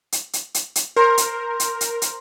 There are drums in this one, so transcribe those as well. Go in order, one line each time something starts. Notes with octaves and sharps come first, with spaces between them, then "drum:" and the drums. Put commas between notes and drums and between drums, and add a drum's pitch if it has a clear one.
drum: hi-hat
drum: hi-hat
drum: hi-hat
drum: hi-hat
A#4 C5
drum: hi-hat
drum: hi-hat
drum: hi-hat
drum: hi-hat